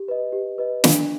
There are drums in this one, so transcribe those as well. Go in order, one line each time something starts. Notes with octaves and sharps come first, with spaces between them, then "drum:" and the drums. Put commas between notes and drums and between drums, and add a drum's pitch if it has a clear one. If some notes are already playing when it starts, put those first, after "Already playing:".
Already playing: G4
B4 D#5
G4
B4 D#5
D4, drum: snare